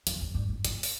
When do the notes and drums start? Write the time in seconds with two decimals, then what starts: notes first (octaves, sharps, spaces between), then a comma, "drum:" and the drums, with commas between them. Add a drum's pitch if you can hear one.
0.07 F2, drum: hi-hat
0.21 F2
0.34 G2
0.49 G2
0.65 A#2, drum: hi-hat
0.83 drum: open hi-hat